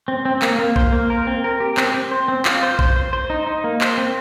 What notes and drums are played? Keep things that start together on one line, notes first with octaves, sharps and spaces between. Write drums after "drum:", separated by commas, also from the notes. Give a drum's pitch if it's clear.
C4
C4
A#3, drum: clap
A#3
C5, drum: kick A#1
A#3
A#4
C4
A#4
G4
C4, drum: clap
C4
C5
C4
F4, drum: clap
C5
C5, drum: kick A#1
C5
C5
D#4
D#4
A#3
C5, drum: clap
C4